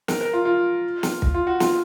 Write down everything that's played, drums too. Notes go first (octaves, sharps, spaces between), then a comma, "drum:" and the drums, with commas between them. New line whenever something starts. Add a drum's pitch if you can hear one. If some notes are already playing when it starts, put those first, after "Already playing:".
A#4, drum: snare
A#4
F4
F4
drum: snare
drum: kick
F4
F#4
F4, drum: snare